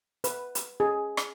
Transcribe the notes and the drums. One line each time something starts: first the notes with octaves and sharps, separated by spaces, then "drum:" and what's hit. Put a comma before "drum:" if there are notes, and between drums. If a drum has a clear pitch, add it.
B4, drum: hi-hat
drum: hi-hat
G#4
drum: rim click